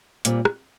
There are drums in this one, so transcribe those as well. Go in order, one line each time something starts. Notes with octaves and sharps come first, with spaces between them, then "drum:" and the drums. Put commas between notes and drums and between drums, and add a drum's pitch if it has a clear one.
A#2 G3 C4, drum: hi-hat
drum: rim click